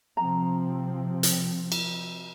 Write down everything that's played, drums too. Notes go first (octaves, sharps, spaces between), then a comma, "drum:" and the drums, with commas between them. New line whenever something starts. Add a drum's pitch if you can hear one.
C3 F3 C4 A#5
drum: hi-hat
drum: cymbal